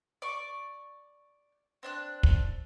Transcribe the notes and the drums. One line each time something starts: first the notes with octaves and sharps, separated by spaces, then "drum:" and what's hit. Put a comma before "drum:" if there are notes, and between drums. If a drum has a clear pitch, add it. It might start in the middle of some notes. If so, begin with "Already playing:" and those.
D5 C#6
C4 D4 F#6
drum: kick